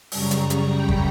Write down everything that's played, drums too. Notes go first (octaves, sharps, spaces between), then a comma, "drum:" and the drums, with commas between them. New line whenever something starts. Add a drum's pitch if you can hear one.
F#2 C#3 G3 A#5 C#6, drum: open hi-hat
drum: hi-hat
drum: hi-hat
G5 B5
drum: kick